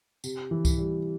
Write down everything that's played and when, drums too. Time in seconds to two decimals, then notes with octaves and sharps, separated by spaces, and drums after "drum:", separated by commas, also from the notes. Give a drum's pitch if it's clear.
0.24 C3, drum: tambourine
0.51 E3
0.65 drum: kick C2, tambourine
0.79 G3